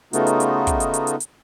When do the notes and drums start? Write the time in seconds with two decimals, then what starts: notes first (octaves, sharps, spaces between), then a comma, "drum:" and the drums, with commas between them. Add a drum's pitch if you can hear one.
0.13 C#3 A3 B3 D#4 F4 F#4, drum: hi-hat
0.27 drum: hi-hat
0.40 drum: hi-hat
0.67 drum: kick, hi-hat
0.80 drum: hi-hat
0.94 drum: hi-hat
1.07 drum: hi-hat
1.20 drum: hi-hat